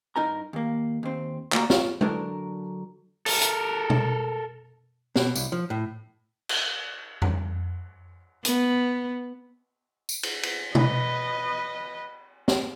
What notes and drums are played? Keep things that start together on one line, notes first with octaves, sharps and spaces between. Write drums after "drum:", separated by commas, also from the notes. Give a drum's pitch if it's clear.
G2 D#4 A#4 A#5
D#2 A#3
D#2 C4
C#2 A#3 F#4 D5 A#5, drum: clap
F4 C#5, drum: snare
D3 F#3 D4 A4 A#4, drum: tom G#3
A4 A#4, drum: open hi-hat
drum: hi-hat
drum: tom B2
B2, drum: snare
C2, drum: tambourine
F3
A2
drum: cymbal
drum: tom F2
B3, drum: hi-hat
drum: tambourine
drum: cymbal
drum: cymbal
B4 D#5, drum: tom B2
drum: snare